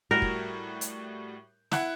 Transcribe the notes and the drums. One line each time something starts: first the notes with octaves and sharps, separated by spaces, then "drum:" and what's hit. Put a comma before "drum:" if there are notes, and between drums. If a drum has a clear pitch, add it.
A2 G3 F#4 A#4
drum: kick
drum: hi-hat
E4 F#5, drum: snare